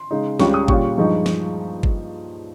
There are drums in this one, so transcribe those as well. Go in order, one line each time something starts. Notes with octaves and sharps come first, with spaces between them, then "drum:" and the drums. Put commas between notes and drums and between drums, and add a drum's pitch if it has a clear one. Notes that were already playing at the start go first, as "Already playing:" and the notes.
Already playing: C6
C#3 G#3 D#4
C#2 C#3 G3 C#4 C#6, drum: snare
D#6
A#2 G3 C#4 F4 C#6, drum: kick G1
G2 F3 G#3 D#4
drum: snare
drum: kick G1